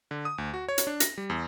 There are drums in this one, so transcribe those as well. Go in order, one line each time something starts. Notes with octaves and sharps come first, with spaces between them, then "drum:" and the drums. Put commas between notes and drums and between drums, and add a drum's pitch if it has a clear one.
D3
D#6
D2
F#4
C#5
drum: hi-hat
D4
A#6, drum: hi-hat
G3
E2